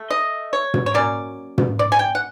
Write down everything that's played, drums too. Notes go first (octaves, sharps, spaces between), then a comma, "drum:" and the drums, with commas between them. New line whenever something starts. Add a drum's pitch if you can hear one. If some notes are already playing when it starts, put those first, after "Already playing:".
Already playing: A3
D#5
C#5
drum: tom
C#5
F#3 A#3 C#4 D5
drum: tom
D5
G#5
G5
F#5